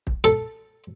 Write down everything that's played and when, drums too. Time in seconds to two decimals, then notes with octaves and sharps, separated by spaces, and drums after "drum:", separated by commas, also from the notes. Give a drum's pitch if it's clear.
0.07 drum: kick
0.24 A4